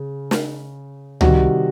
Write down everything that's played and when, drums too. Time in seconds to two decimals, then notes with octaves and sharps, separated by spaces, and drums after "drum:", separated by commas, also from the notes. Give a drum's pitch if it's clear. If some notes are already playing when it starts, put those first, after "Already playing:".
Already playing: C#3
0.31 drum: snare
1.21 C3 D#3 G3 F#4, drum: tom C#2